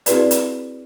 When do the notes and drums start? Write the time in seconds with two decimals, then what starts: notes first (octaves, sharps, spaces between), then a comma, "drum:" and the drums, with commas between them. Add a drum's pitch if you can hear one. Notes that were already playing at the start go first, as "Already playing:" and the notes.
0.06 C4 E4 F#4 G#4 B4 D5, drum: hi-hat
0.31 drum: hi-hat